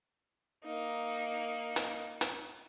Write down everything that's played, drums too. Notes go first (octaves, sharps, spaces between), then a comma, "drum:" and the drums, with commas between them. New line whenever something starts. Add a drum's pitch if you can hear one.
A#3 D#4
drum: hi-hat
drum: hi-hat